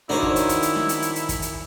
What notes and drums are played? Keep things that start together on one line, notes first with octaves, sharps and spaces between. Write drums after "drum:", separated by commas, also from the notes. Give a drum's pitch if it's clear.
D#3 D4 E4 F#4 A#4 C5 C#5
drum: kick
drum: hi-hat
drum: hi-hat
drum: hi-hat
drum: snare
drum: hi-hat
drum: hi-hat
drum: hi-hat
drum: kick, hi-hat
drum: hi-hat